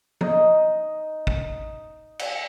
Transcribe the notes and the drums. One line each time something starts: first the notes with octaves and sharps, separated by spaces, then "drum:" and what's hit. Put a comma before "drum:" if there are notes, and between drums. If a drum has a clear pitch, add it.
D#4 D#5, drum: tom F3
drum: kick
drum: cymbal